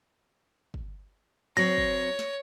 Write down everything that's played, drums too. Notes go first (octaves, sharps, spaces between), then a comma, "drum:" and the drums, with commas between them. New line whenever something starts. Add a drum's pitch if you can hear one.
drum: kick
F#3 C4 C#5 A#6
drum: kick
drum: snare